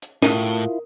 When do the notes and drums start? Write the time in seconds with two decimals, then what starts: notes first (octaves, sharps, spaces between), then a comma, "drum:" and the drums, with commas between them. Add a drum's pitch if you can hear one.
0.02 drum: hi-hat
0.22 A2 E4 F4 A#4, drum: snare